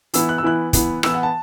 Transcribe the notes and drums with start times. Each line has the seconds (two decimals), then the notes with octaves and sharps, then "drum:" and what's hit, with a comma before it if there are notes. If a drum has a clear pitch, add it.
0.14 E3 B3 E4 E6, drum: hi-hat
0.29 F#6
0.38 E6
0.43 E3 B3 E4 F#6
0.73 E3 B3 E4, drum: kick, hi-hat
1.03 E3 B3 E4 E6, drum: rim click
1.14 F#5
1.23 A5